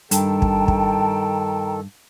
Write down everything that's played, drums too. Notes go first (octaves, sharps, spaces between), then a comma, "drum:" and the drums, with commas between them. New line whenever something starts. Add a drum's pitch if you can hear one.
G2 D#3 A4 G5 A5 A#5, drum: hi-hat
drum: kick
drum: kick